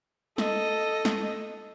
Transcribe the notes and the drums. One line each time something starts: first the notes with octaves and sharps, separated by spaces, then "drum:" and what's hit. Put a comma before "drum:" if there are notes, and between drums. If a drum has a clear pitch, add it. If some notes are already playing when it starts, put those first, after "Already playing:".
A4 D#5, drum: snare
drum: snare